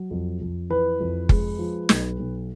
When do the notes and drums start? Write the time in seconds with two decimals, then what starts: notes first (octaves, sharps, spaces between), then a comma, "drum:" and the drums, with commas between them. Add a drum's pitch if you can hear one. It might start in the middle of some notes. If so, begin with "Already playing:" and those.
Already playing: F#3
0.11 F2
0.41 F2
0.70 E3 B4
1.00 F2
1.29 G#3, drum: kick F#1
1.59 F3
1.89 B1, drum: snare
2.19 B1